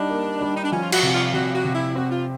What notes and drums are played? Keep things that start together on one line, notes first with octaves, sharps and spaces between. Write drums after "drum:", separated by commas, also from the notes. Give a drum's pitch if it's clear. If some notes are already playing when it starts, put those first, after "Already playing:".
Already playing: G3 D4 D#4
A#3
G3
D#4
D4
F3 C#4
F4
F#4, drum: cymbal
C3
F4
C3 F#4
F#4
C3
E4
C4 F#4
F4